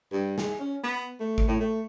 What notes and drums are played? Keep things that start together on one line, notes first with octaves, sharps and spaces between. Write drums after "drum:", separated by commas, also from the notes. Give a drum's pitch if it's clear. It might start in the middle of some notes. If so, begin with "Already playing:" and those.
G2
G#4, drum: snare
C#4
B3
A3
drum: kick G#1
A2
A3